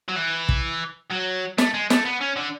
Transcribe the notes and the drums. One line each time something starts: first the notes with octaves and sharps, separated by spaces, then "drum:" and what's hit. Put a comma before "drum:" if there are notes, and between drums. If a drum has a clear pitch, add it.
F#3
E3
drum: kick
F#3
A3, drum: snare
G#3
A3, drum: snare
B3
C#4
D3